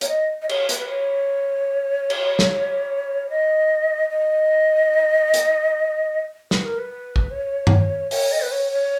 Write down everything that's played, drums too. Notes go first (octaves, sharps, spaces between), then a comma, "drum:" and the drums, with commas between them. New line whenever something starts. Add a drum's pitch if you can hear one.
C#5, drum: hi-hat
D#5
D#5
C#5, drum: cymbal
B4, drum: hi-hat
B4
C#5
drum: cymbal
drum: snare
D#5
D#5
drum: hi-hat
B4, drum: snare
A#4
B4
drum: kick
C#5
drum: tom G2
C#5, drum: open hi-hat
D#5
B4
C#5
C#5